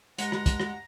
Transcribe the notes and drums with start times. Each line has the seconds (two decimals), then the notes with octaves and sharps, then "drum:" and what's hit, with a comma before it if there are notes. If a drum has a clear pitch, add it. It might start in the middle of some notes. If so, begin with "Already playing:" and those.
0.18 G2 G#3 F#5 A#5, drum: hi-hat
0.32 drum: rim click
0.46 drum: kick, hi-hat
0.60 drum: rim click